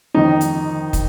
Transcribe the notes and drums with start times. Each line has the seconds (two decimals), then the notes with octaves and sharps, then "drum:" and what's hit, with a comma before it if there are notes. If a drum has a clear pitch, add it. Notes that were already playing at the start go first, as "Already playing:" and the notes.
0.14 F2 D#3 D#4
0.41 drum: hi-hat
0.93 drum: kick, hi-hat